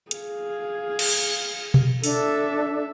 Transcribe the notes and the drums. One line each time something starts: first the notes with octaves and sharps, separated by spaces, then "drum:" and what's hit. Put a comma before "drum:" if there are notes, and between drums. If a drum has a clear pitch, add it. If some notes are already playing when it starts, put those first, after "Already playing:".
G#4 F5, drum: hi-hat
drum: cymbal
drum: tom B2
D4 A4 E5, drum: open hi-hat